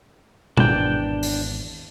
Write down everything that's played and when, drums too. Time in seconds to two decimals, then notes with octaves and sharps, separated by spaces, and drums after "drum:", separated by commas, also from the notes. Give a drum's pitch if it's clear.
0.57 G#1 E2 D4 G5, drum: tom B2
1.23 drum: open hi-hat